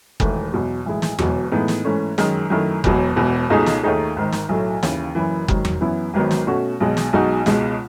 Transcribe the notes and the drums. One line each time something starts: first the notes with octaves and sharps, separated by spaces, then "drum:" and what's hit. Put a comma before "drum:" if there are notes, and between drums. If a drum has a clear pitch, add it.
E1 E2 D#3 A3, drum: kick F#1
E2 B2 F#3
B1 A2 E3 G#3
drum: snare
E1 E2 B2 F#3, drum: tom E2
A2 E3 G#3 B3 D#4
drum: snare
G#2 E3 A3 C#4
F#2 D#3 G#3, drum: snare
F#2 D#3 A3 E4
E1 E2 B2 F#3, drum: kick F#1
E1 E2 B2
C#2 B2 A3 D#4 G#4
drum: snare
D#2 D#3 A3 D#4 G#4
G#1 G#2 D#3
drum: snare
B1 A2 F#3 A3
D#2 C#3 E3, drum: snare
F#1 F#2 E3
G#2 D#3 F#3, drum: kick F#1
drum: tom E2
F#2 E3 B3 E4
G#1 G#2 D#3 F#3 B3
drum: snare
B2 A3 C#4 F#4
B1 B2 G#3
drum: snare
B1 B2 G#3 D#4 F#4
C#2 B2 G#3, drum: snare